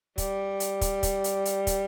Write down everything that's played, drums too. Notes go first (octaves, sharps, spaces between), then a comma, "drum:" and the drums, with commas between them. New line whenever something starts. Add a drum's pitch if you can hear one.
G3, drum: kick, hi-hat
drum: hi-hat
drum: kick, hi-hat
drum: kick, hi-hat
drum: hi-hat
drum: hi-hat
drum: kick, hi-hat